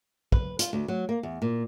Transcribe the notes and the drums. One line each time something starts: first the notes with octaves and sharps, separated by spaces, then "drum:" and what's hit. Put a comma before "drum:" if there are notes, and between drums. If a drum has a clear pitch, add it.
B4, drum: kick
F4, drum: hi-hat
D2
F#3
A#3
E2
A#2